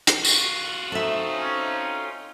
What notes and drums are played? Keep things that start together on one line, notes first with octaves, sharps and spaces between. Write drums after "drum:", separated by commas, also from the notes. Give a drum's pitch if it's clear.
drum: hi-hat
F4 F#4, drum: tambourine
C4 D#4 A4 E5
C#4